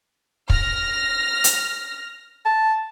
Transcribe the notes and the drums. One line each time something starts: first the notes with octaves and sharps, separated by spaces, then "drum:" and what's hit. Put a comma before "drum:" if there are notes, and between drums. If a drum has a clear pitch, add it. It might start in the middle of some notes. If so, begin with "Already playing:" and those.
F6 A#6, drum: kick
drum: hi-hat
A5